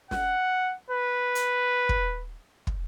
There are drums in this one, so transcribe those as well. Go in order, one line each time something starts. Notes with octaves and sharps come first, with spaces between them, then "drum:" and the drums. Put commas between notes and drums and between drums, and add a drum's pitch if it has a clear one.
F#5, drum: snare
B4
drum: hi-hat
drum: kick
drum: kick